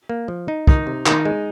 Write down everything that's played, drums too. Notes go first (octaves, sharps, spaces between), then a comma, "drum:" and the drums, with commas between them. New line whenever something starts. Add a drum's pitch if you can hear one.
A#3
F3
D#4
D#3 D#4, drum: kick
C3
D#3 D#4, drum: clap
G#3